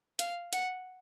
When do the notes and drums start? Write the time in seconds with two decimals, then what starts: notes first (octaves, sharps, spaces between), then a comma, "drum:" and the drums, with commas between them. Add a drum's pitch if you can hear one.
0.19 F5, drum: hi-hat
0.53 F#5, drum: hi-hat